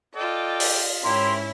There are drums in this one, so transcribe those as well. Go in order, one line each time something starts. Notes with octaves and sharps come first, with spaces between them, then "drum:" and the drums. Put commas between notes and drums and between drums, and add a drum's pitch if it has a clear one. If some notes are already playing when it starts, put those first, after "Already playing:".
F4 A4 D5 D#5 G5
drum: open hi-hat
G#2 C#4 E4 G4 A#4 C6